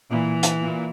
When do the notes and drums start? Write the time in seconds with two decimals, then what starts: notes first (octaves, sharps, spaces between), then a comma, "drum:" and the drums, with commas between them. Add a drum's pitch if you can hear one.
0.11 A#2 E3
0.43 drum: hi-hat
0.62 A#2